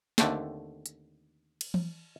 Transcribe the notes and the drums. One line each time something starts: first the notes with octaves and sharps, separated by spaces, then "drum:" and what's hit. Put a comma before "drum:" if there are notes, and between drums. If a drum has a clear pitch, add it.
D#2 D3 A3 C4, drum: snare
drum: hi-hat
drum: cymbal
drum: tom E3